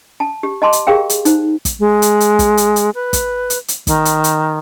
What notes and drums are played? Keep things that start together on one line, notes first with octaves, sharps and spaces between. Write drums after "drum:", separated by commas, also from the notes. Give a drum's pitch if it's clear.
A5
G4
D#5 A5 C6 D6
drum: hi-hat
G4 G#4 A#4 F5 G5
drum: hi-hat
D#4 C5, drum: hi-hat
drum: kick, hi-hat
G#3
drum: hi-hat
drum: hi-hat
drum: kick, hi-hat
drum: hi-hat
drum: hi-hat
B4
drum: kick, hi-hat
drum: hi-hat
drum: hi-hat
D#3, drum: kick, hi-hat
drum: hi-hat
drum: hi-hat